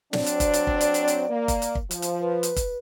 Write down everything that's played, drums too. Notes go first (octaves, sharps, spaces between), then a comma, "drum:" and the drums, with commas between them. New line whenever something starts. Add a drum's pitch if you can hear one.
F#3 C4 D4 D5, drum: snare
drum: hi-hat
drum: kick, hi-hat
drum: hi-hat
drum: kick
drum: hi-hat
drum: hi-hat
drum: hi-hat
A#3
drum: kick, hi-hat
drum: hi-hat
drum: kick
F3, drum: hi-hat
drum: hi-hat
B4
drum: hi-hat
drum: kick, hi-hat